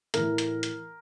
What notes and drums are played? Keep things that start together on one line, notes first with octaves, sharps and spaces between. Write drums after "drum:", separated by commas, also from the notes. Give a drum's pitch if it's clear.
A2 E3 A3 A#4, drum: hi-hat
drum: hi-hat
drum: hi-hat